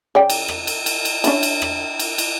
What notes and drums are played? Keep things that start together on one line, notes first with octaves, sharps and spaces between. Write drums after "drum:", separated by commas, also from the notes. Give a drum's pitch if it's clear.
C#3 D5 G5
drum: cymbal
drum: rim click
drum: cymbal
drum: cymbal
drum: cymbal
C#4 D4 E4, drum: cymbal
drum: cymbal
drum: rim click
drum: cymbal
drum: cymbal